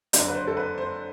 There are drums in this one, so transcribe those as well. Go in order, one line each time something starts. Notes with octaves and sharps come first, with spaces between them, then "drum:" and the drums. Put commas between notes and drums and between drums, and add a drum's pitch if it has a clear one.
F#1 F#2 D3 F#3 D5, drum: hi-hat
B4
C5
A4
B4
C5